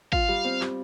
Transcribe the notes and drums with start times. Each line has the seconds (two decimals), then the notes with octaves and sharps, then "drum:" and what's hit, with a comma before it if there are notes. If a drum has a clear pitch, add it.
0.13 F4 F5, drum: kick
0.29 G3
0.45 C4
0.61 G3, drum: clap